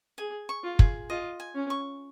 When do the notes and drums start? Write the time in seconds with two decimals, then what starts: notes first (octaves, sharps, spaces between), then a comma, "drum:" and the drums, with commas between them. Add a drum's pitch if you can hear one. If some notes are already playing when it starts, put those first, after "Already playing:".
0.18 G#4 G#5
0.49 C#6
0.63 F4
0.79 G#4, drum: kick
1.10 F4 D#5
1.40 G#5
1.55 C#4
1.70 C#6